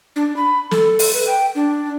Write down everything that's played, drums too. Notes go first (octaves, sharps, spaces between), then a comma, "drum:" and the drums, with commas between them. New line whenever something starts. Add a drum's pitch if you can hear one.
D4
B5
A4, drum: snare
drum: open hi-hat
B4
G5
D4